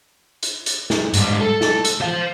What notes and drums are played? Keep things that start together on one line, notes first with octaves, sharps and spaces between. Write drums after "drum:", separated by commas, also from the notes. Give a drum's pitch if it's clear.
drum: hi-hat
drum: hi-hat
drum: snare
G#2 G3, drum: hi-hat
A4
drum: snare
drum: hi-hat
C5 F5